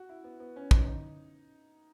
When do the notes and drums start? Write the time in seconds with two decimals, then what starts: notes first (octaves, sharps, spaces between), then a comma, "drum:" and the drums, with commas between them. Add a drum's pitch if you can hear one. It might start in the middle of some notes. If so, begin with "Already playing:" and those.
Already playing: F#4
0.09 E4
0.24 B3
0.40 B3
0.56 C#4
0.71 D#4, drum: kick
0.87 D#4